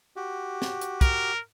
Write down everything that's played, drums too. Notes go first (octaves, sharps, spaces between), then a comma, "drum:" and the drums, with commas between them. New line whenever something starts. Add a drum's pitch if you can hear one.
F#4 G4
drum: snare
drum: hi-hat
A#4, drum: kick, hi-hat